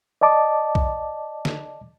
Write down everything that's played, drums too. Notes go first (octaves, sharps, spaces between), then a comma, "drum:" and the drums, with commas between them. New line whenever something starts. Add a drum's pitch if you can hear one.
D5 D#5 A5 D6
drum: kick B1
drum: snare